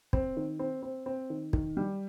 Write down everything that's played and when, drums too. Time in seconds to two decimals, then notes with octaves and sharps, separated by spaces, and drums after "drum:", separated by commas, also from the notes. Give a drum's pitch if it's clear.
0.13 C4, drum: kick
0.37 D#3
0.59 C4
0.83 C4
1.06 C4
1.30 D#3
1.53 D#3, drum: kick
1.77 G3